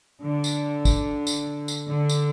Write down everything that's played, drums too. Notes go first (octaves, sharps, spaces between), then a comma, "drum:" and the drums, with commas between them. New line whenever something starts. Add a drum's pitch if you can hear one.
D3
drum: tambourine
drum: kick, tambourine
drum: tambourine
drum: tambourine
D3
drum: tambourine